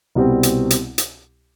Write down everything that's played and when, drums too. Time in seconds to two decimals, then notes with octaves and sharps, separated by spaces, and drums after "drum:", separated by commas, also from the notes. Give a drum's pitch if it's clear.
0.15 C2 B2 G3 C4
0.43 drum: hi-hat
0.70 drum: hi-hat
0.98 drum: hi-hat